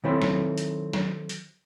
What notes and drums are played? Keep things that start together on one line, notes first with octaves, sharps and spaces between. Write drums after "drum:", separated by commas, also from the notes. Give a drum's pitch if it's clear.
D#3 F#3 C4 E4 A4 C5
drum: snare
drum: hi-hat
drum: snare
drum: hi-hat